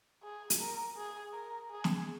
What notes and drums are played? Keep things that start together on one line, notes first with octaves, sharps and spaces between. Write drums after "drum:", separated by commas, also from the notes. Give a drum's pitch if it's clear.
G#4
drum: hi-hat
A#4
G#4
A#4
G#4
drum: snare